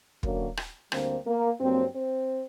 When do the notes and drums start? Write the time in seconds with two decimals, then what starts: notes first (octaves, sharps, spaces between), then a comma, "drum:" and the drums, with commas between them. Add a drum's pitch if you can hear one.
0.23 F#2 D3 F#3 A#3, drum: kick
0.57 drum: rim click
0.92 D2 D3 G3 A#3 C4, drum: rim click
1.27 A#3
1.60 G2 F#3 A#3 C4
1.95 C4